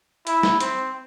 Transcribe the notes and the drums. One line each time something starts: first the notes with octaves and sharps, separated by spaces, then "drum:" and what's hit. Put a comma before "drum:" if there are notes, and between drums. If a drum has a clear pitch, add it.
E4, drum: hi-hat
drum: snare
C4, drum: hi-hat